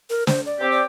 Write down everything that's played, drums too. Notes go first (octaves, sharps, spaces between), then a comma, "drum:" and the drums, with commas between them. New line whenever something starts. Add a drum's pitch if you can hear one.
A#4
C5, drum: snare
D5
C4 G4
D5